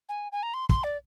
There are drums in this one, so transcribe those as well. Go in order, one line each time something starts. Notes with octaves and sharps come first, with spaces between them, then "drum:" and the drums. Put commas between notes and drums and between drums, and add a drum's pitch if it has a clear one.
G#5
G#5
A#5
C6
C6, drum: kick
D5